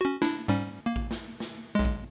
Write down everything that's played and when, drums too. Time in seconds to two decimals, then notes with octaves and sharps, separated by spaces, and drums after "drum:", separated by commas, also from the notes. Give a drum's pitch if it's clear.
0.01 C#4 F#4
0.22 D4 E4, drum: snare
0.48 G#2 G3 C#4
0.86 A#3
0.96 drum: kick A1
1.11 drum: snare
1.40 drum: snare
1.75 B1 G#3
1.85 drum: kick A1